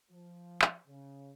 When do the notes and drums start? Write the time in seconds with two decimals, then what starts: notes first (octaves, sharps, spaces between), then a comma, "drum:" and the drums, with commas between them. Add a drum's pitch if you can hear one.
0.11 F3
0.62 drum: clap
0.87 C#3